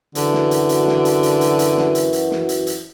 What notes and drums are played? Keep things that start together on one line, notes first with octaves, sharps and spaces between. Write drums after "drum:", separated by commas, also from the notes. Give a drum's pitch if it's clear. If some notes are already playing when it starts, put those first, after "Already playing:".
F#2 D3 E3 F#4, drum: hi-hat
drum: snare
drum: hi-hat
drum: hi-hat
drum: snare
drum: hi-hat
drum: hi-hat
drum: hi-hat
drum: hi-hat
drum: snare
drum: hi-hat
drum: hi-hat
drum: snare
drum: hi-hat
drum: hi-hat